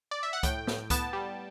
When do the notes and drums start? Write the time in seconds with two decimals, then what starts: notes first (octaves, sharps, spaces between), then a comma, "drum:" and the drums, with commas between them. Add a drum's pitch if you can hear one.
0.11 D5
0.23 E5
0.33 F#5
0.43 A2 G5, drum: kick C#2, hi-hat
0.67 A2, drum: snare
0.90 B3 A5, drum: kick C#2, hi-hat
1.13 G3